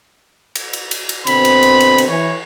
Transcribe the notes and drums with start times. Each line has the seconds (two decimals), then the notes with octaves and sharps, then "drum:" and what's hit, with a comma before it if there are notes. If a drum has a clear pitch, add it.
0.55 drum: cymbal
0.73 drum: cymbal
0.91 drum: cymbal
1.09 drum: cymbal
1.27 B2 D3 C4 B5, drum: cymbal
1.45 drum: cymbal
1.63 drum: cymbal
1.80 drum: cymbal
1.98 drum: cymbal
2.09 E3 C#5